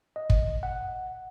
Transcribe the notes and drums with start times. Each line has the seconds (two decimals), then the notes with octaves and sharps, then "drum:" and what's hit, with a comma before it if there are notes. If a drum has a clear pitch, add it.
0.16 D#5
0.30 drum: kick
0.63 F#5